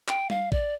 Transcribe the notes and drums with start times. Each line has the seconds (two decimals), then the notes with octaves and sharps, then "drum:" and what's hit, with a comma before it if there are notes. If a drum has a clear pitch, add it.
0.08 G5, drum: clap
0.30 F5, drum: tom G3
0.52 D5, drum: kick A1